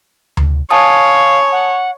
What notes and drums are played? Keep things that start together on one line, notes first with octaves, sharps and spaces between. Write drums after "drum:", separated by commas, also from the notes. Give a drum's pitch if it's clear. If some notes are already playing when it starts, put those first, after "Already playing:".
drum: tom D2
C#5 F5 G#5 A5 D#6
F#5